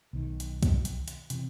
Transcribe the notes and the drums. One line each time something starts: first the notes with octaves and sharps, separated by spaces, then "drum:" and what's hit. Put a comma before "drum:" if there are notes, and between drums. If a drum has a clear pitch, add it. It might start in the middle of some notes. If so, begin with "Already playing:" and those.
B1 D#3
drum: hi-hat
drum: kick C2, hi-hat
drum: hi-hat
drum: hi-hat
C3 E3, drum: hi-hat